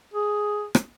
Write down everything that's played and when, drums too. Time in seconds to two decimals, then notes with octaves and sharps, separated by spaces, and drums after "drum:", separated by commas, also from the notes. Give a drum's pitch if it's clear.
0.13 G#4
0.75 drum: rim click